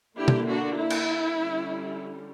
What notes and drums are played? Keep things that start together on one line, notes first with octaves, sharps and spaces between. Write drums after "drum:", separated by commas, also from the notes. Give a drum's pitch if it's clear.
D3 A#3 D4 E4 G4
drum: tom
D4 F#4
E4
drum: cymbal
D3 G3 C#4